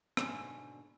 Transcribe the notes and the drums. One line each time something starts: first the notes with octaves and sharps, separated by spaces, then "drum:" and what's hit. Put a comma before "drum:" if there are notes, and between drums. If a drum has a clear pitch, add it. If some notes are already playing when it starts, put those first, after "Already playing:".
G#2 B2 D3 A4 F5 G#5, drum: rim click